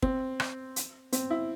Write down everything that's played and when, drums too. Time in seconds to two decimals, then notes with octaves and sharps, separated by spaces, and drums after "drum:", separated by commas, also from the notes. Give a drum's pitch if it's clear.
0.02 C4, drum: kick
0.40 drum: rim click
0.76 drum: hi-hat
1.12 C4, drum: hi-hat
1.30 E4